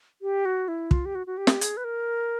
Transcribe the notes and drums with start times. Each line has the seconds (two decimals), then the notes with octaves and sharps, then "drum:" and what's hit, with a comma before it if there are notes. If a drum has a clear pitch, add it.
0.22 G4
0.45 F#4
0.68 E4
0.91 F4, drum: kick
1.05 G4
1.15 F#4
1.27 F#4
1.37 G4
1.47 drum: snare
1.61 G#4, drum: hi-hat
1.77 B4
1.84 A#4